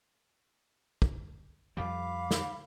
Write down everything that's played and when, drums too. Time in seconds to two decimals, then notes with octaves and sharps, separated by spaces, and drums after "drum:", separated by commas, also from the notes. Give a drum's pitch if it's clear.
1.02 drum: kick
1.77 F2 F3 G3 F5 B5 D6
2.31 drum: snare